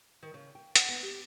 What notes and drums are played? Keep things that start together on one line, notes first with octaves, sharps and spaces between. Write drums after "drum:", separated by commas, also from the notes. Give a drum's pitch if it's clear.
D#3
C#3
G5
F#5, drum: hi-hat
B3
G4